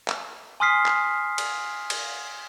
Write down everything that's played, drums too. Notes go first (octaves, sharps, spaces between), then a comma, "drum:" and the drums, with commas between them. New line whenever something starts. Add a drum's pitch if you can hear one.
drum: clap
G#5 C6 D#6 F6 B6 C7
drum: clap
drum: cymbal
drum: cymbal